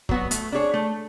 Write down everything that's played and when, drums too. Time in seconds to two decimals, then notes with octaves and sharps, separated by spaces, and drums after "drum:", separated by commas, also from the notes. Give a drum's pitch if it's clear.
0.09 F#3 B3 F#4, drum: kick
0.31 A3, drum: hi-hat
0.52 D4 G#4 C#5
0.74 A3